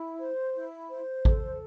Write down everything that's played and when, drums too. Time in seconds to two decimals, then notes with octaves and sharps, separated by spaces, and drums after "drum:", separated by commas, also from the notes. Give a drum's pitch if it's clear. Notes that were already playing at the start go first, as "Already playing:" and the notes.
Already playing: E4
0.19 C5
0.54 E4
0.90 C5
1.25 A4, drum: kick A1